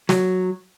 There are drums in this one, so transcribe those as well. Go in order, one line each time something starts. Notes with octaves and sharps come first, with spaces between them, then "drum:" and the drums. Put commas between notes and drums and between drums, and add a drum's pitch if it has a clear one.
F#3, drum: snare